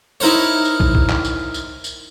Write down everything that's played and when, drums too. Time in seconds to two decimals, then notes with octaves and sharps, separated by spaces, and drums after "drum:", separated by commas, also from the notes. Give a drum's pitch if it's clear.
0.20 D#4 E4 A#4 C5 C#5
0.65 drum: tambourine
0.80 drum: kick
0.95 drum: kick
1.10 drum: clap
1.25 drum: tambourine
1.54 drum: tambourine
1.84 drum: tambourine